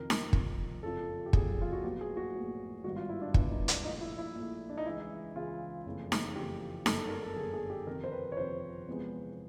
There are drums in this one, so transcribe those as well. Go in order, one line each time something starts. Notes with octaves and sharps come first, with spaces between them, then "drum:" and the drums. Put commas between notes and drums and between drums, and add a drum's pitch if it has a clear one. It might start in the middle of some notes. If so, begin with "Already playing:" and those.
Already playing: F2 C3 D#3 A#4
drum: snare D#4
F2 C3 D#3, drum: kick
F#1 F2 C#3 F3 A4
G4
F#1 F2 C#3 F3 G#4, drum: kick
F4
F#4
A#1 A2 F#3 B3 G4
G#4
F#4
A#1 A2 F#3 B3
G#1 G2 D#3 G3 B3 F#4
F4
E4
D4
G#1 G2 D#3 G3 B3 D4, drum: kick
D#4
D4, drum: hi-hat
A#1 A#2 F3 A3 D#4
E4
E4
A#1 A#2 F3 A3
D4
D#4
C#2 C#3 E3 G#3 E4
C#2 C#3 E3 G#3 F4
F#1 F2 C#3 E3 A3
drum: snare D#4
F#1 F2 C#3 E3 A3 G4
G1 F#2 D3 A4, drum: snare D#4
A#4
A4
G1 F#2 D3 G#4
G#4
G4
F2 C3 D#3 A#4
C5
B4
C#5
F2 C3 D#3 C5
E2 C3 F3 G#3 B3